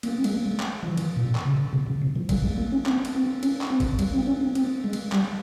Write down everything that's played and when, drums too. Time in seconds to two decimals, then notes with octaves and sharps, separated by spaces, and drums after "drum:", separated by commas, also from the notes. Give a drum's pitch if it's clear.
0.03 A#3, drum: cymbal
0.18 C4
0.24 G#3, drum: cymbal
0.32 A#3
0.46 G#3
0.60 drum: clap
0.83 F3
0.88 E3
0.97 drum: cymbal
1.16 A#2
1.35 drum: clap
1.45 C#3
1.73 C3
1.87 C#3
2.02 C3
2.16 F3
2.29 G3, drum: kick G#1, cymbal
2.43 G#3
2.58 A#3
2.72 C#4
2.86 C4, drum: clap
3.05 drum: cymbal
3.15 C4
3.43 C#4, drum: cymbal
3.61 drum: clap
3.70 C4
3.80 drum: kick G#1, cymbal
3.99 G3, drum: cymbal
4.14 C4
4.27 C#4
4.41 C4
4.55 C4, drum: cymbal
4.84 G#3
4.93 drum: cymbal
5.12 G3, drum: clap